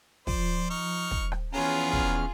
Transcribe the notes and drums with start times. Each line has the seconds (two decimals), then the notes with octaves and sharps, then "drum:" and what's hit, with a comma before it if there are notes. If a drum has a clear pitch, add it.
0.27 F3 C5 D5, drum: kick
0.70 D#4 C#6 F6
1.11 drum: kick
1.32 drum: rim click
1.53 E2 B3 C#4 F4 G#4 A#5 F6
1.93 drum: kick